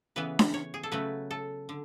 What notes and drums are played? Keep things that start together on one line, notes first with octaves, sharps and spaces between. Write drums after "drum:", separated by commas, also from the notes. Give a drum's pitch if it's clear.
C#3 E3 B3 B4
drum: snare D4
C#5
G#4
A4
C#3 F#3 A3 B4
A4
D3